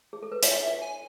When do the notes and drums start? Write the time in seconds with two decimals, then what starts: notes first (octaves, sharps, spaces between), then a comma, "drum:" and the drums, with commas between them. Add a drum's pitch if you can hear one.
0.13 G#4
0.23 A4
0.32 B4
0.43 C#5 E5, drum: hi-hat
0.62 E5
0.82 G#5